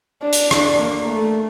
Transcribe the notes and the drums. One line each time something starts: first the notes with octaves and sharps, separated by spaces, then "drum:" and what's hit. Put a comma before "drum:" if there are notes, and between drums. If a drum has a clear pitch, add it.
D4
drum: hi-hat
D4, drum: rim click
A#3
A3